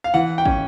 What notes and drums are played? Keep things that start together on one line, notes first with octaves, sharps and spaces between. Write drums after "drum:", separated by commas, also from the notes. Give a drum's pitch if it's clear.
F5
E3 F#5
G5
C#4, drum: kick